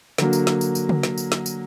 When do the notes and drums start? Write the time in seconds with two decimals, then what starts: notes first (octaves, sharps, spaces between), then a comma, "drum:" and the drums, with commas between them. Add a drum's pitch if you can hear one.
0.18 D3 F#3 A#3, drum: snare
0.33 drum: tambourine
0.47 drum: snare
0.61 drum: tambourine
0.75 drum: tambourine
0.89 drum: tom
1.03 drum: snare
1.18 drum: tambourine
1.32 drum: snare
1.46 drum: tambourine